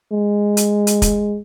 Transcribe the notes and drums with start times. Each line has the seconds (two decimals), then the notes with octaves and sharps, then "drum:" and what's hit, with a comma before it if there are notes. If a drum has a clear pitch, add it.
0.12 G#3
0.57 drum: hi-hat
0.87 drum: hi-hat
1.02 drum: kick, hi-hat